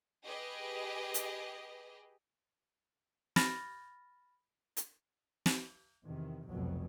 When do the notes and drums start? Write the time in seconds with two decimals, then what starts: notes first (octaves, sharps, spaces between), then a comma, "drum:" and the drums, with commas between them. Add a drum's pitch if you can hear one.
0.24 G4 G#4 B4 D#5
1.14 drum: hi-hat
3.36 B5 F6 A6 A#6, drum: snare
4.77 drum: hi-hat
5.46 drum: snare
6.04 E2 C3 D#3
6.47 F1 C2 F2 B2 F#3